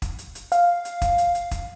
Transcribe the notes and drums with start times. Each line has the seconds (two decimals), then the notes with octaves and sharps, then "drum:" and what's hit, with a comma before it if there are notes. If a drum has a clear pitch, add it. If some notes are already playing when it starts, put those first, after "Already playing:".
0.02 drum: kick, hi-hat
0.19 drum: hi-hat
0.35 drum: hi-hat
0.52 F5, drum: hi-hat
0.85 drum: hi-hat
1.02 drum: kick, hi-hat
1.18 drum: hi-hat
1.35 drum: hi-hat
1.51 drum: kick, hi-hat